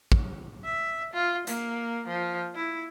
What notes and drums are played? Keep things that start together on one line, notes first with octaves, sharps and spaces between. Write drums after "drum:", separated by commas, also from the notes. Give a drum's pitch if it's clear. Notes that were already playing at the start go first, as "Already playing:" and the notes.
drum: kick
E5
F4
A#3, drum: hi-hat
F3
E4